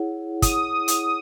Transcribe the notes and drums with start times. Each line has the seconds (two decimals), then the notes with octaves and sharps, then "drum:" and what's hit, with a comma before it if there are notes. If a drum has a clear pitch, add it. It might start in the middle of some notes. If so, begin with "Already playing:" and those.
Already playing: E4 G#4 C#5 F#5
0.42 D#6, drum: kick, hi-hat
0.88 drum: hi-hat